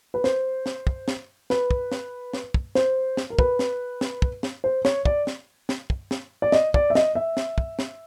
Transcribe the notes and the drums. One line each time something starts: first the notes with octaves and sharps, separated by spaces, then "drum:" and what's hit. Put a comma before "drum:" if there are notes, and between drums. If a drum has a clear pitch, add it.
B4
C5, drum: snare
drum: snare
drum: kick
drum: snare
B4, drum: snare
drum: kick
drum: snare
drum: snare
drum: kick
C5, drum: snare
drum: snare
A#4
B4, drum: kick
drum: snare
drum: snare
drum: kick
drum: snare
C5
C#5, drum: snare
D5, drum: kick
drum: snare
drum: snare
drum: kick
drum: snare
D5
D#5, drum: snare
D5, drum: kick
E5
D#5, drum: snare
E5
drum: snare
drum: kick
drum: snare